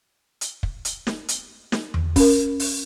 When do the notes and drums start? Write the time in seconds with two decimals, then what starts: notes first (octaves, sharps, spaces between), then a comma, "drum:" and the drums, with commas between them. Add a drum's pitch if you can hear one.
0.41 drum: hi-hat
0.63 drum: kick
0.85 drum: hi-hat
1.07 drum: snare
1.28 drum: hi-hat
1.72 drum: snare
1.94 drum: tom E2
2.16 C#4 A#4, drum: kick, open hi-hat
2.60 drum: open hi-hat